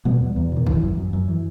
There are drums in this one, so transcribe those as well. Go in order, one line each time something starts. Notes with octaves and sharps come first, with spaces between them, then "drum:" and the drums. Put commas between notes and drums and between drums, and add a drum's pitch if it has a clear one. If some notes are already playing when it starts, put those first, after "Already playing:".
B2 G3 B3
E2
E2
B2 D#3
F#2 E3, drum: kick G1
F#2
F#2
F#2
E3